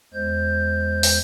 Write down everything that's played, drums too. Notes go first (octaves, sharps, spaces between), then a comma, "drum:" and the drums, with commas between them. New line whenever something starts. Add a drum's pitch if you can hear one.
E2 G#3 C5 G6
drum: open hi-hat